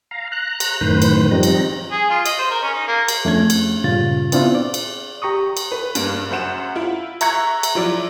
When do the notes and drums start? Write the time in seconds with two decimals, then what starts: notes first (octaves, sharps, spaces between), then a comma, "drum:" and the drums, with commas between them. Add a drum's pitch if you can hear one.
0.11 F5 A#5
0.32 A#5 F#6
0.60 drum: cymbal
0.81 F#2 A2 D#3 B4 C5
1.02 drum: cymbal
1.31 F3 G3 C4 D#4 A#6
1.43 drum: cymbal
1.92 G#4
2.10 F4
2.26 D#5, drum: cymbal
2.39 C5
2.51 A#4
2.62 C#4
2.74 D#4
2.88 A#3
3.08 drum: cymbal
3.25 F2 A3 C#4 D4 G#6
3.50 drum: cymbal
3.84 G2 A#2 C#3 F4 A6
4.32 B3 C4 D4 E4 F4 C5, drum: cymbal
4.55 D5
4.74 drum: cymbal
5.22 G4 A#5 C#6 D#6
5.57 drum: cymbal
5.72 B4
5.95 G2 A#3 D4, drum: cymbal
6.31 F#2 C5 F#5 E7
6.76 E4 F4
7.21 E5 A#5 C#6 F#6 G#6 C#7, drum: cymbal
7.63 drum: cymbal
7.75 F3 F#3 E4 D5